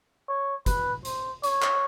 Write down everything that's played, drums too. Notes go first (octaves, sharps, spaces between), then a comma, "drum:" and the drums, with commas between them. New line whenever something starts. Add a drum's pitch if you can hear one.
C#5
B4, drum: kick, hi-hat
C5, drum: hi-hat
C#5, drum: hi-hat
drum: clap